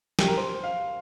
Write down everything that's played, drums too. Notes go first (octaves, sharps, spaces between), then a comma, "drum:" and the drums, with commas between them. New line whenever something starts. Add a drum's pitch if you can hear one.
G4, drum: snare
A#4
C5
F5